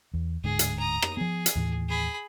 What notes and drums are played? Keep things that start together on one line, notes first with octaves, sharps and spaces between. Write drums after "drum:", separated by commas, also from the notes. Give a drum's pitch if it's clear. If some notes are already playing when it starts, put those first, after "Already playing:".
E2
D1 G#2 D3 G#4
drum: hi-hat
A#5 D#6
drum: rim click
F3 B3 G#4
drum: hi-hat
D#2 A2 E3
G#4 B5